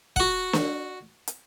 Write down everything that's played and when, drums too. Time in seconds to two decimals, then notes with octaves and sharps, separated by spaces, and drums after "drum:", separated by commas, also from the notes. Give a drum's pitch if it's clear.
0.16 F#4 F#5, drum: kick
0.53 drum: snare
1.28 drum: hi-hat